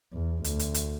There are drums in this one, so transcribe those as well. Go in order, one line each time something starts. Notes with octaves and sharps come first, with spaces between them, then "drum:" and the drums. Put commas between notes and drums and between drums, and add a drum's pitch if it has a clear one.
E2
D2, drum: hi-hat
drum: hi-hat
drum: hi-hat